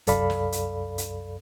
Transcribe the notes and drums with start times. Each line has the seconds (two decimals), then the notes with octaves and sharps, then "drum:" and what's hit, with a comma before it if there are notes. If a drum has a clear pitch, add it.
0.07 C2 F#2 A4 D5 F5 B5, drum: kick E1, hi-hat
0.30 drum: snare
0.52 drum: hi-hat
0.98 drum: hi-hat